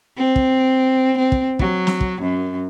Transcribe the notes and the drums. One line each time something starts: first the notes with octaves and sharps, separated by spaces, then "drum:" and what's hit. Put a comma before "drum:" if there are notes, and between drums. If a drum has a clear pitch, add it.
C4
drum: kick
C4
drum: kick
F#3, drum: kick
drum: snare
drum: kick
F#2